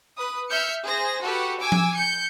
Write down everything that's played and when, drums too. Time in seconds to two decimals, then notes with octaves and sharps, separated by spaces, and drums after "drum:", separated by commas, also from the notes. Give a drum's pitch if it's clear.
0.17 B4 D#6
0.49 E5 F6 G6 C#7
0.84 G#4 C5 A#6
1.22 F#4 G4 A4 B4 F#5
1.58 G#5 D6 E6
1.72 drum: tom F3
1.95 G6 C#7